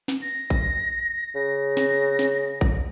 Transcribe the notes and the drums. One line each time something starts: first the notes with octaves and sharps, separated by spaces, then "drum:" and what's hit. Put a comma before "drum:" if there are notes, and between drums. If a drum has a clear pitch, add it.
drum: snare
A#6
drum: kick A1
C#3 A#6
drum: snare
drum: snare
drum: kick A1